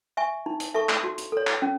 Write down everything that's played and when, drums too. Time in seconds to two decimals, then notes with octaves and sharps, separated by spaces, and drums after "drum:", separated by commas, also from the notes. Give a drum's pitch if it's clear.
0.17 E5 G#5 C#6
0.46 D#4
0.60 drum: hi-hat
0.74 A4 E5 A5 C#6
0.89 drum: clap
1.04 F#4
1.18 drum: hi-hat
1.32 A4 C#5
1.47 drum: clap
1.62 C#4